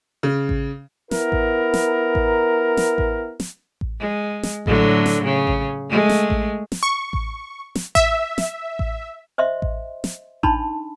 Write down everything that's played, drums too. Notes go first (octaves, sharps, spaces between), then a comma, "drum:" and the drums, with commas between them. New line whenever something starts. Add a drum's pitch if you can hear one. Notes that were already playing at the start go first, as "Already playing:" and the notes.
C#3
drum: kick A1
B3 E4 A#4, drum: snare
drum: kick A1
drum: snare
drum: kick A1
drum: snare
drum: kick A1
drum: snare
drum: kick A1
G#3
drum: snare
A2 D3 F#3, drum: kick A1
drum: snare
C#3
drum: kick A1
G#3 A3
drum: snare
drum: kick A1
drum: snare
C#6
drum: kick A1
drum: snare
E5, drum: kick A1
drum: snare
drum: kick A1
C5 D#5 E5 C6
drum: kick A1
drum: snare
D4 D#4 A5 B5 C6, drum: kick A1